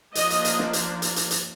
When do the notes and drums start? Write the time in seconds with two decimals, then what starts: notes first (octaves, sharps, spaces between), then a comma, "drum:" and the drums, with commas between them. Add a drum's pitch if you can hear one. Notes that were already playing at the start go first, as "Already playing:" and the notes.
0.15 F3 A#3 D4 D#5, drum: hi-hat
0.30 drum: hi-hat
0.45 drum: hi-hat
0.59 drum: snare
0.73 drum: hi-hat
1.02 drum: hi-hat
1.16 drum: hi-hat
1.31 drum: hi-hat